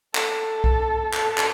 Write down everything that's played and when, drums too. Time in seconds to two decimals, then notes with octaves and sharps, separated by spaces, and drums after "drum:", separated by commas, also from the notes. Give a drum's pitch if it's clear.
0.15 A4, drum: clap
0.64 drum: kick B1
1.13 A4, drum: clap
1.38 drum: clap